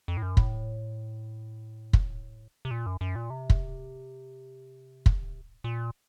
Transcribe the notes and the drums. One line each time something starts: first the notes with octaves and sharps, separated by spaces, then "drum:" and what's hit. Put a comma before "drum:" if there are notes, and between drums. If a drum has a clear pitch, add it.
F2
A2
F#2
A2, drum: kick
drum: kick
C3
A#2
F#2
F#2
A#2
C3
drum: kick
drum: kick
A#2